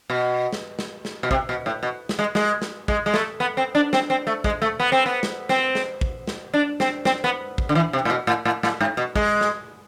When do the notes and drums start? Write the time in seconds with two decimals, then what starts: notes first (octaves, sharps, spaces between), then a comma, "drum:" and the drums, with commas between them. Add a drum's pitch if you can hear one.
0.10 B2
0.53 drum: snare
0.79 drum: snare
1.05 drum: snare
1.23 B2
1.31 C3, drum: kick
1.49 B2
1.66 A2
1.83 B2
2.09 drum: snare
2.19 G#3
2.35 G#3, drum: snare
2.62 drum: snare
2.88 G#3, drum: kick
3.06 G#3
3.14 A3, drum: snare
3.40 B3
3.57 C4
3.75 D4
3.93 C4, drum: snare
4.10 C4
4.27 A3
4.44 G#3, drum: kick
4.62 A3
4.80 B3
4.92 C4
5.06 B3
5.23 drum: snare
5.49 C4, drum: snare
5.75 drum: snare
6.01 drum: kick
6.28 drum: snare
6.54 D4
6.80 C4, drum: snare
7.05 C4, drum: snare
7.24 B3
7.58 drum: kick
7.69 D3
7.75 E3
7.93 C3
8.05 A2
8.10 B2
8.27 A2
8.45 A2
8.63 A2, drum: snare
8.81 G#2
8.97 B2
9.16 G#3, drum: kick
9.41 drum: snare